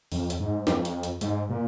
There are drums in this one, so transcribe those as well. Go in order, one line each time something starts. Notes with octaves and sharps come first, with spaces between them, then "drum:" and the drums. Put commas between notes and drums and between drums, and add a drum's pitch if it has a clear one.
F2, drum: open hi-hat
drum: hi-hat
G#2
F2, drum: snare
drum: hi-hat
drum: hi-hat
G#2, drum: hi-hat
A#2